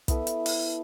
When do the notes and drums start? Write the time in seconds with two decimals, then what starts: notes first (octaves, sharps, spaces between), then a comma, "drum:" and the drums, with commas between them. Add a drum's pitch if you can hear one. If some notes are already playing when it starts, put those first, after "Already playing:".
0.08 B3 E4 A4, drum: kick, hi-hat
0.27 drum: hi-hat
0.46 drum: open hi-hat